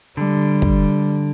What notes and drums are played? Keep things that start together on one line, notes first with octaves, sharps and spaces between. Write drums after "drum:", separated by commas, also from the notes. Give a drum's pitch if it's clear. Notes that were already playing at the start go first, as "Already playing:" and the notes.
D3 G3
drum: kick